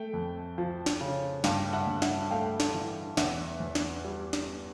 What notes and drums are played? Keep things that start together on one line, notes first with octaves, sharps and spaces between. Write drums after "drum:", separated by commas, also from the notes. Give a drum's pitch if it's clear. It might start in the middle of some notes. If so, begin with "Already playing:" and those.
Already playing: A3 G5
F2
F3
drum: snare
C#3
G2 F5 G5, drum: snare
E5 F#5
G2
E5 F#5, drum: snare
A3 F5 G5
drum: snare
E3
E2 E5 F#5, drum: snare
E2
drum: snare
G3
drum: snare